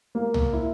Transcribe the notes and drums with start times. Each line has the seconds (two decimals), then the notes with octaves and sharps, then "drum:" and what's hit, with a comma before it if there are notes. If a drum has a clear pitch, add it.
0.15 A#3
0.34 drum: tom
0.53 E4